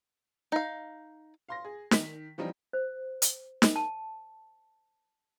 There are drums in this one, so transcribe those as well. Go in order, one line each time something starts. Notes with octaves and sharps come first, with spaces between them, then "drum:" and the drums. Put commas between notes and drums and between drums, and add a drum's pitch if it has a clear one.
D#4 F5
F5 C6 A#6
G#4
D#3 B6, drum: snare
E3 F3 G3 C4 D#4
C5
drum: hi-hat
drum: snare
A5